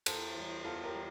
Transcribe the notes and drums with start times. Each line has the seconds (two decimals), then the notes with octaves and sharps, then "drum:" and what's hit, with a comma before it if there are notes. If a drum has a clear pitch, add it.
0.06 E2 A4 C5, drum: cymbal
0.35 E3 G3
0.64 E2 F4 A4
0.84 G4 A#4
0.93 E3 G3